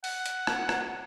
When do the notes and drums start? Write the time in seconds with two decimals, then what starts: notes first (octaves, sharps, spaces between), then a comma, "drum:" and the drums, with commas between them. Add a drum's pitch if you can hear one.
0.04 F#5, drum: open hi-hat
0.26 drum: hi-hat
0.47 drum: rim click
0.69 drum: rim click